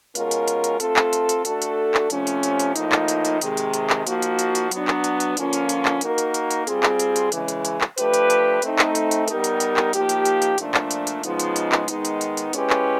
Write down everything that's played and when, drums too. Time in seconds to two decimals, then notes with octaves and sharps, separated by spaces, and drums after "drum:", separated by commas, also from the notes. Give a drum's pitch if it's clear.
0.15 B2 G#3 C#4 F4 A#4, drum: hi-hat
0.31 drum: hi-hat
0.48 drum: hi-hat
0.64 drum: hi-hat
0.80 A3 C4 F4 A4, drum: hi-hat
0.96 drum: clap
1.13 drum: hi-hat
1.29 drum: hi-hat
1.45 A3 D4 F#4 A4, drum: hi-hat
1.62 drum: hi-hat
1.94 drum: clap
2.10 C3 F3 A3 C#4, drum: hi-hat
2.27 drum: hi-hat
2.43 drum: hi-hat
2.59 drum: hi-hat
2.76 A2 F3 A#3 D#4, drum: hi-hat
2.92 drum: clap
3.08 drum: hi-hat
3.25 drum: hi-hat
3.41 C3 D#3 G#3, drum: hi-hat
3.57 drum: hi-hat
3.74 drum: hi-hat
3.90 drum: clap
4.07 F3 A#3 D#4 F#4, drum: hi-hat
4.22 drum: hi-hat
4.39 drum: hi-hat
4.55 drum: hi-hat
4.71 F#3 B3 D4, drum: hi-hat
4.88 drum: clap
5.04 drum: hi-hat
5.20 drum: hi-hat
5.37 D3 F3 A#3 C#4 F4, drum: hi-hat
5.53 drum: hi-hat
5.69 drum: hi-hat
5.85 drum: clap
6.01 A#3 D#4 F#4 A#4, drum: hi-hat
6.18 drum: hi-hat
6.34 drum: hi-hat
6.51 drum: hi-hat
6.67 G3 C4 F4 G#4, drum: hi-hat
6.83 drum: clap
6.99 drum: hi-hat
7.16 drum: hi-hat
7.32 C#3 E3 G#3, drum: hi-hat
7.48 drum: hi-hat
7.65 drum: hi-hat
7.81 drum: clap
7.98 F3 A3 D4 G4 B4, drum: hi-hat
8.14 drum: hi-hat
8.30 drum: hi-hat
8.62 A3 C4 D#4, drum: hi-hat
8.79 drum: clap
8.95 drum: hi-hat
9.11 drum: hi-hat
9.28 G3 B3 D#4 G4 A#4, drum: hi-hat
9.44 drum: hi-hat
9.60 drum: hi-hat
9.77 drum: clap
9.93 F3 A#3 D#4 G4, drum: hi-hat
10.09 drum: hi-hat
10.25 drum: hi-hat
10.42 drum: hi-hat
10.58 A#2 F3 A3 D4, drum: hi-hat
10.74 drum: clap
10.91 drum: hi-hat
11.07 drum: hi-hat
11.23 C#3 F3 G#3 B3 D#4, drum: hi-hat
11.40 drum: hi-hat
11.56 drum: hi-hat
11.72 drum: clap
11.88 D#3 G#3 B3 D#4, drum: hi-hat
12.05 drum: hi-hat
12.21 drum: hi-hat
12.37 drum: hi-hat
12.53 G#3 C#4 E4 G4 B4, drum: hi-hat
12.70 drum: clap